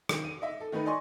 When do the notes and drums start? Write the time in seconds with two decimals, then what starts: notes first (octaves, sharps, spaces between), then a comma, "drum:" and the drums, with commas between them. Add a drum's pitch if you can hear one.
0.09 D#3, drum: rim click
0.24 D#7
0.42 D#5 E5
0.60 A4
0.72 D#3 A3 D#4 B4
0.85 D5 D#5 G#5 C6 C#6